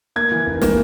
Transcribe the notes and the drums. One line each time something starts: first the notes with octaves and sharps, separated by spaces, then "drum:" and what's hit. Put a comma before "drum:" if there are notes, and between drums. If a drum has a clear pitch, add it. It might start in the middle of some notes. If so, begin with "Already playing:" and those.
A#3 G#6
E3
F1
A#3, drum: snare